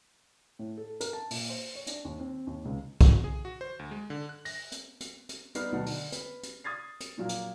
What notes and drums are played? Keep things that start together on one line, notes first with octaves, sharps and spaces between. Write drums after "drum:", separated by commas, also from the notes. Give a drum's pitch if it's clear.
A2
A4
A#4, drum: hi-hat
A5
A#2, drum: open hi-hat
C5
C#5
D4, drum: hi-hat
D#2
C4
D#2
C#2
drum: kick B1, hi-hat
G#4
F#4
C5
D2
G#3
D3
F#6
A#6, drum: open hi-hat
drum: hi-hat
drum: hi-hat
drum: hi-hat
G3 B3 D#4 F6 C7, drum: hi-hat
D2 B2 D#3 F#3 F#5 A5
D3, drum: open hi-hat
B4, drum: hi-hat
drum: hi-hat
D#6 G#6 A6 C7
drum: hi-hat
A#2 F3 F#3 A#3
drum: hi-hat